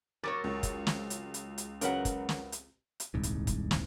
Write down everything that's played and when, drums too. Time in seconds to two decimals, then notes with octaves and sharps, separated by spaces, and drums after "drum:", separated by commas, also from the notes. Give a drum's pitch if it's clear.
0.24 F#3 A#4 C#5 D6 A6
0.44 C#2
0.63 drum: kick, hi-hat
0.87 drum: snare
1.10 drum: hi-hat
1.34 drum: hi-hat
1.58 drum: hi-hat
1.81 C#3 F#3 C#4 A#4 B4 F#5, drum: hi-hat
2.05 drum: kick, hi-hat
2.29 drum: snare
2.52 drum: hi-hat
3.00 drum: hi-hat
3.14 D#1 C2 G#2
3.23 drum: hi-hat
3.47 drum: kick, hi-hat
3.71 drum: snare